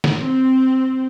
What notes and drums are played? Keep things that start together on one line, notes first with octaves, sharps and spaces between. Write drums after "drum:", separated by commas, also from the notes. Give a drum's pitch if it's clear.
drum: snare
C4